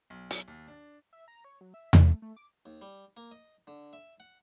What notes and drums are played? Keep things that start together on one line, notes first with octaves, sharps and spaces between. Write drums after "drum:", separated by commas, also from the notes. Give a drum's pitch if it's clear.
B1
drum: hi-hat
D#2
D4
E5
A#5
C#5
F#3
E5
A2, drum: tom E2
A3
A3
D6
D#2
G3
A#3
D#5
D3
E5
F#5